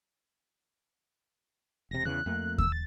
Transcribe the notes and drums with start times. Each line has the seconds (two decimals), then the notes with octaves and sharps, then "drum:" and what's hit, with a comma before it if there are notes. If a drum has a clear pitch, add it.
1.91 E1 C3 A#6
2.05 E2 C#3 E3 F#6
2.26 F2 A3 A#3
2.58 E6, drum: kick D#2
2.72 A6